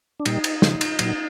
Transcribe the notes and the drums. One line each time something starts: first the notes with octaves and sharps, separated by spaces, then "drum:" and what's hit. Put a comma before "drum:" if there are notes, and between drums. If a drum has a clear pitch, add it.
D4
A#2 G3 D#4, drum: cymbal
drum: cymbal
C#3 F3, drum: snare
drum: cymbal
A#2 F#3, drum: cymbal